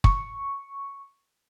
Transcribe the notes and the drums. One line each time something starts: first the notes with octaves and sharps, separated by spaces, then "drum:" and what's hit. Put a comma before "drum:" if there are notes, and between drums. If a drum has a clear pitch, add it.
C#6, drum: kick